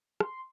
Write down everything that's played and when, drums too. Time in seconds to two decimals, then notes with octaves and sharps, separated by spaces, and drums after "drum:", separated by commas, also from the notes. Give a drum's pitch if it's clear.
0.20 C6, drum: rim click